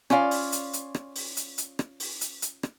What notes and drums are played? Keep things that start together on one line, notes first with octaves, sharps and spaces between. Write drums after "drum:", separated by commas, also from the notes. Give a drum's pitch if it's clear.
C#4 F4 D5 F5, drum: rim click
drum: open hi-hat
drum: hi-hat
drum: hi-hat
drum: rim click
drum: open hi-hat
drum: hi-hat
drum: hi-hat
drum: rim click
drum: open hi-hat
drum: hi-hat
drum: hi-hat
drum: rim click